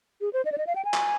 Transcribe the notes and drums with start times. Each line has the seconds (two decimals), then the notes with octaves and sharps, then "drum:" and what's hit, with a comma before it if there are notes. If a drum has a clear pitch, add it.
0.21 G#4
0.33 C5
0.45 D#5
0.52 D5
0.58 D#5
0.67 F5
0.75 G5
0.85 G#5
0.94 drum: clap